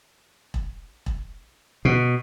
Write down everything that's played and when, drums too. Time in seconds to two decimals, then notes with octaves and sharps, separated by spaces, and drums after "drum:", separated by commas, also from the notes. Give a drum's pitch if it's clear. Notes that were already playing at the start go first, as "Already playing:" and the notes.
0.54 drum: kick E1
1.06 drum: kick E1
1.85 B2